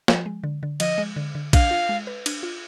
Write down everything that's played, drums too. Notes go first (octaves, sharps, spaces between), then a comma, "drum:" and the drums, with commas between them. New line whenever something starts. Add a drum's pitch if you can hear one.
F3, drum: snare
G#3
D3
D3
F3 D#5, drum: cymbal
G#3
D3
D3
D4 F5, drum: kick A#1, cymbal
F4
G#3
B4
D4, drum: cymbal
F4